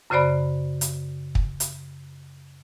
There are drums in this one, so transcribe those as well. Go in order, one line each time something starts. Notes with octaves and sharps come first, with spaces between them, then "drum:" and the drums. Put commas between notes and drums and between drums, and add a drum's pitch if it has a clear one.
F#2 C#3 F#4 C5 D5 B5
drum: hi-hat
drum: kick
drum: hi-hat